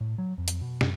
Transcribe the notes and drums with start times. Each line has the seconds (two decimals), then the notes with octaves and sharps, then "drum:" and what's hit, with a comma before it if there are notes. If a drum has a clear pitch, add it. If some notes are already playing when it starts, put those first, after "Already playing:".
0.01 A2
0.18 F#3
0.38 F2
0.48 drum: hi-hat
0.61 B2
0.81 F#2, drum: snare